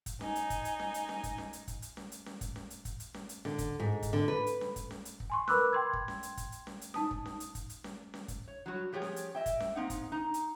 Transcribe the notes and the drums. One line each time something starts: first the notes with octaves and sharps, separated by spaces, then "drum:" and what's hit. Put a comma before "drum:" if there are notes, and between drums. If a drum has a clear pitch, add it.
drum: kick, hi-hat
D#4 G#5, drum: snare C#4
drum: hi-hat
drum: kick, hi-hat
drum: hi-hat
drum: snare C#4
drum: hi-hat
drum: snare C#4
drum: kick, hi-hat
drum: snare C#4
drum: hi-hat
drum: kick, hi-hat
drum: hi-hat
drum: snare C#4
drum: hi-hat
drum: snare C#4
drum: kick, hi-hat
drum: snare C#4
drum: hi-hat
drum: kick, hi-hat
drum: hi-hat
drum: snare C#4
drum: hi-hat
D3, drum: snare C#4
drum: kick, hi-hat
G#2
drum: kick, hi-hat
D3
B4
drum: hi-hat
drum: snare C#4
drum: kick, hi-hat
drum: snare C#4
drum: hi-hat
drum: kick
G#5 C6 C#6
A#4 B4 B5 D6 E6 F#6, drum: snare C#4
G5 C6 G#6
drum: kick
drum: snare C#4
drum: hi-hat
drum: kick, hi-hat
drum: hi-hat
drum: snare C#4
drum: hi-hat
D#4 A5 D#6, drum: snare C#4
drum: kick
drum: snare C#4
drum: hi-hat
drum: kick, hi-hat
drum: hi-hat
drum: snare C#4
drum: snare C#4
drum: kick, hi-hat
C#5
F#3 G3 F#4
F3 G4 G#4 C#5 G5
drum: snare C#4
drum: hi-hat
D#5 E5 G5
drum: kick, hi-hat
drum: snare C#4
A#3 C4 D#4 F#5
drum: kick, hi-hat
D#4 A#5
drum: hi-hat